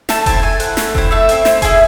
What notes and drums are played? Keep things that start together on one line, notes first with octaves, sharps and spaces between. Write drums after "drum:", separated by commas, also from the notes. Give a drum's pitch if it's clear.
A3 A5, drum: snare
C4 E4 A5, drum: kick F1, hi-hat
A3 G#5
C4 E4 F#5, drum: hi-hat
A3, drum: snare
C4 E4, drum: kick F1
A3 E5
C4 E4, drum: hi-hat
C4, drum: snare
E4 G#4, drum: kick F1, hi-hat